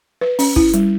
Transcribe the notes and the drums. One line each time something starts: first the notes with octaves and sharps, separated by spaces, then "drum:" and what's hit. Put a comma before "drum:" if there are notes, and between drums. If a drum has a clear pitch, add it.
B4
C#4, drum: open hi-hat
E4, drum: kick
G3, drum: hi-hat